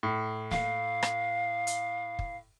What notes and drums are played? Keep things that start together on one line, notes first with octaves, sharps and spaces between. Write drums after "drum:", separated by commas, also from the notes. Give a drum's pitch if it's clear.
A2
F5, drum: snare
drum: rim click
drum: hi-hat
drum: kick